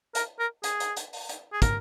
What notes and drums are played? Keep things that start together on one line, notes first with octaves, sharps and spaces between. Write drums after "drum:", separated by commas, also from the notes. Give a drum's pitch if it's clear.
A#4, drum: hi-hat
A#4
G#4, drum: hi-hat
drum: hi-hat
drum: hi-hat
drum: open hi-hat
drum: hi-hat
G#4
A#4, drum: kick, hi-hat